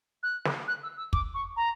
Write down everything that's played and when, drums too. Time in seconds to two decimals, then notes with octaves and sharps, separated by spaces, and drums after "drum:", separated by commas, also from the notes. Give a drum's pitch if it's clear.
0.23 F#6
0.45 drum: snare
0.68 F#6
0.83 E6
0.97 E6
1.13 D6, drum: kick
1.34 C#6
1.56 A#5